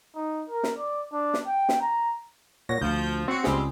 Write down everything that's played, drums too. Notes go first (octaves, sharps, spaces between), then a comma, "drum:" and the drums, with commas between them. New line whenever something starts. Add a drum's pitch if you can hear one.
D#4
A#4
drum: snare
D5
D4
drum: snare
G5
drum: snare
A#5
A#2 C#5 F#5 A#6
D2 F3 G6
C4 F#4
C#2 G3 G#3 G4 G#4, drum: snare